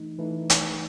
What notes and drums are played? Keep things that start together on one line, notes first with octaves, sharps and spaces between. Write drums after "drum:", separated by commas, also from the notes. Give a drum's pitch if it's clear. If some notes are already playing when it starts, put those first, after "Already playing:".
Already playing: E3 A3 D#4
E3 A3 D#4
drum: hi-hat